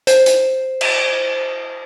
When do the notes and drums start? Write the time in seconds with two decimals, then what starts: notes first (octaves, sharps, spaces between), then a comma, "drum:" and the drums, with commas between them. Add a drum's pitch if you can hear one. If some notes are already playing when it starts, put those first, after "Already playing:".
0.07 C5, drum: hi-hat
0.26 drum: hi-hat
0.81 drum: cymbal